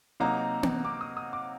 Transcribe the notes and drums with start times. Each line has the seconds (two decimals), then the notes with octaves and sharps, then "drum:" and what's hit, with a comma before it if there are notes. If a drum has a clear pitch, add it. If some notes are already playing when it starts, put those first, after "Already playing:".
0.20 C3 F#3 A#3 D#4 A#5
0.63 drum: tom B3
0.85 D6
1.01 D#6
1.17 D#6
1.33 D6